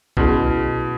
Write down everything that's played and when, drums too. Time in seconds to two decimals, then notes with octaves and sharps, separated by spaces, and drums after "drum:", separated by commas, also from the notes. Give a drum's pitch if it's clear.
0.17 B2 F#3 C#4 E4 G#4, drum: kick A1